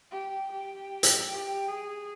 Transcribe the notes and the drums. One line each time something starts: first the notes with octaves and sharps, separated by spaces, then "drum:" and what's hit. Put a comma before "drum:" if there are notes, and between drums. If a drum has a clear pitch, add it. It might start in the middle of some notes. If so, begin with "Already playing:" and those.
G4
G4
drum: hi-hat
G4
G#4